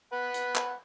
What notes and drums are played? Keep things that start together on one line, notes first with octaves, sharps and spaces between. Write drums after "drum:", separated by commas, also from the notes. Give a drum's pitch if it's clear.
B4 F#5 B5
drum: hi-hat
drum: clap